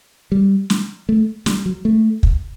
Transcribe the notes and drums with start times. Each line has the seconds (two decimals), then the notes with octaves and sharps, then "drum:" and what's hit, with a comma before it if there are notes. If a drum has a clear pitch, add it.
0.32 G3
0.70 drum: snare
1.09 A3
1.46 G3, drum: snare
1.66 F#3
1.85 A3
2.23 drum: kick